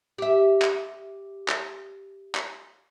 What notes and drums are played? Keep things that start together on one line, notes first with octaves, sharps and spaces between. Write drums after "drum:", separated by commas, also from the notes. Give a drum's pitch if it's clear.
G4 E5
drum: clap
drum: clap
drum: clap